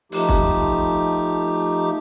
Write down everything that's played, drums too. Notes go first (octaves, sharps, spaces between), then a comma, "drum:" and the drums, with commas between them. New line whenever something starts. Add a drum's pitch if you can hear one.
F3 A3 D#4 G4, drum: open hi-hat
drum: kick